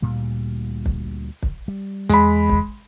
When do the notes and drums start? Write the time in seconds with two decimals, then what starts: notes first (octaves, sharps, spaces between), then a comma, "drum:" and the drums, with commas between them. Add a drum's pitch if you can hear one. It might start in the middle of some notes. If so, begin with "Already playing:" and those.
0.02 D2 A#2 G3
0.86 drum: kick
1.43 drum: kick
1.68 G3
2.09 E2 G#3 B5, drum: hi-hat
2.49 drum: kick